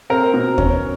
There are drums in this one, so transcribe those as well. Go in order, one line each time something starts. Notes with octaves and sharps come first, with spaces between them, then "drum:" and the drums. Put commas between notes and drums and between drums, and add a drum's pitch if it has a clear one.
C4 A#4
B2
C#4, drum: kick D#2